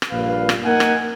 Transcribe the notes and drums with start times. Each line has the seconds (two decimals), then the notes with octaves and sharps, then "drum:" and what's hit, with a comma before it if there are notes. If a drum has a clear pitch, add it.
0.02 drum: rim click
0.12 A#1 G2 A#2 B4 F5
0.49 drum: rim click
0.65 A#3 D#4 A#4 F#5 G#5
0.80 drum: rim click